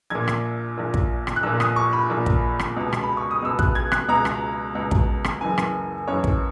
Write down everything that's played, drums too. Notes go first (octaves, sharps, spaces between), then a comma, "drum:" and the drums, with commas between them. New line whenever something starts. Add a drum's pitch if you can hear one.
A#1 A#2 G#6
drum: rim click
A#1 A#2
drum: kick
drum: rim click
F#6
A#1 A#2 E6
D#6, drum: rim click
C#6
B5
A#1 A#2
drum: kick
drum: rim click
C#2 B2
drum: rim click
B5
C#6
D#6
C#2 B2 E6
F#6, drum: kick
G#6
F#6, drum: rim click
C#2 B2 A#5
drum: rim click
C#2 B2
drum: kick
drum: rim click
F#1 F#2 E3 G#5
drum: rim click
F#1 F#2 E3 C#5
drum: kick